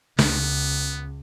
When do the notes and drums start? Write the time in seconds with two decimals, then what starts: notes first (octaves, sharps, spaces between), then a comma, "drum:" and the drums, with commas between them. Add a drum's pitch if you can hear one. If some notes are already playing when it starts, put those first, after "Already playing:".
0.19 C#2 B3, drum: snare